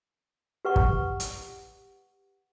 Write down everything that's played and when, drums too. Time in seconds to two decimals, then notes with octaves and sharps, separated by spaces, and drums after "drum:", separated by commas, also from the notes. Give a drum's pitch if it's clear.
0.65 G4 B4 F#5 C#6
0.76 drum: kick
1.20 drum: hi-hat